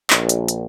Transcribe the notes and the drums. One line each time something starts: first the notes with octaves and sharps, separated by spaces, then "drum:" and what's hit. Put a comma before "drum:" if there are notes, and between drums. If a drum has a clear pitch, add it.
A#1, drum: clap
drum: hi-hat
drum: hi-hat